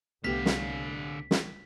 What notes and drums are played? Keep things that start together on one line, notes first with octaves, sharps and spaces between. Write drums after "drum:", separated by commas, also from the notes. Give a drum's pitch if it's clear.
C2 D3 A3 B3 G4 F5 B6
drum: snare
drum: snare